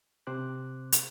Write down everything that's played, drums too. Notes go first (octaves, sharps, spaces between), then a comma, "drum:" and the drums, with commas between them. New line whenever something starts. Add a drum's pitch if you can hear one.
C3 C4 C5 D6 F#6
drum: hi-hat